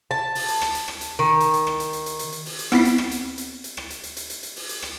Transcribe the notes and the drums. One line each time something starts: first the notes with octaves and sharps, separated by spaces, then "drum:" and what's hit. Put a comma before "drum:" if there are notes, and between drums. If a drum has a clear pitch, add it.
A5
drum: open hi-hat
drum: hi-hat
drum: rim click
drum: hi-hat
drum: rim click
drum: hi-hat
D#3
drum: hi-hat
drum: hi-hat
drum: rim click
drum: hi-hat
drum: hi-hat
drum: hi-hat
drum: hi-hat
drum: hi-hat
drum: open hi-hat
drum: hi-hat
B3 C4 E4 B6 C7, drum: rim click
drum: hi-hat
drum: rim click
drum: hi-hat
drum: hi-hat
drum: hi-hat
drum: rim click
drum: hi-hat
drum: hi-hat
drum: hi-hat
drum: hi-hat
drum: hi-hat
drum: open hi-hat
drum: hi-hat
drum: rim click